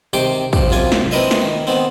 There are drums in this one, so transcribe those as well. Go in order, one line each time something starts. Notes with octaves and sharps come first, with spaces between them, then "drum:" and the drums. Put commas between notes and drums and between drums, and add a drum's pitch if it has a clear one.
C3 D#3 G4 C6 D6
F3 G4, drum: kick
F#2 C3 F4 G#5
drum: snare
E3 C4 A#4 B4 D#5 E5
drum: snare
D#3
D#3 B3 C4